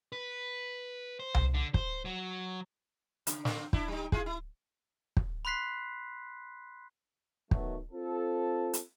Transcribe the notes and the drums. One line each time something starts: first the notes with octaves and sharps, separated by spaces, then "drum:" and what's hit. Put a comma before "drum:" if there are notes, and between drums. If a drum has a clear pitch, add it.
B4
C5
drum: tom C2
D3
C5, drum: kick
F#3
C#3, drum: hi-hat
D3 A#3 C4, drum: snare
D4 E4, drum: kick
G3 D#4
E4 F4 G#4, drum: kick
E4
drum: kick
B5 C6 F#6 B6 C7
B2 D#3 F#3 A3, drum: kick
C4 F4 A4
drum: hi-hat